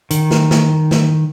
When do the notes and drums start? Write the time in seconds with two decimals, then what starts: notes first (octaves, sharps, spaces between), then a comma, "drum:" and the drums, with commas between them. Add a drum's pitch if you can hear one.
0.11 D#3, drum: hi-hat
0.31 drum: snare
0.51 drum: snare
0.91 drum: snare